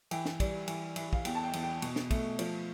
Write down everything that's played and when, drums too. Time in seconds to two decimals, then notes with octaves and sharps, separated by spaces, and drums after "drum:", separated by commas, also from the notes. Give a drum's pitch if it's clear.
0.11 E3 G5, drum: cymbal
0.25 drum: snare
0.40 G3, drum: kick, cymbal
0.68 E3, drum: cymbal
0.96 E3, drum: cymbal
1.13 F5, drum: kick
1.25 E2 G5, drum: cymbal
1.35 A5
1.44 G5
1.53 E2, drum: cymbal
1.63 G5
1.82 B2, drum: cymbal
1.96 drum: snare
2.11 A3, drum: kick, cymbal
2.39 F3, drum: cymbal